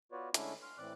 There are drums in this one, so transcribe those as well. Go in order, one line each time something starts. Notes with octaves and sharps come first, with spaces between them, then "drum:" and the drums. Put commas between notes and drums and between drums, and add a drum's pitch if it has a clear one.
B3 F4 F#4 B4 C#5 D5
D3 G#3 A3 C#4 D4 E4, drum: hi-hat
C6 F6
A2 E3 C4 D5 D6 F#6